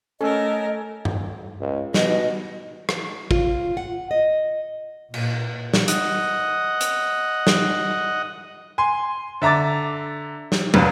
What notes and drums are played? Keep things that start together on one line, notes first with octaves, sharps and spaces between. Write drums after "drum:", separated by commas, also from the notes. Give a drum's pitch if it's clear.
A3 C#4 A4 A#4 D#5 E6
drum: tom G2
C#2
B2 D#5, drum: snare
drum: rim click
F4, drum: kick
F#5
D#5
A#2, drum: cymbal
drum: snare
D#5 F#5, drum: hi-hat
drum: hi-hat
drum: snare
G#5 C6
D3 E5 A#5 D6 A6
drum: snare
F1 D#2 B4 F#6, drum: tom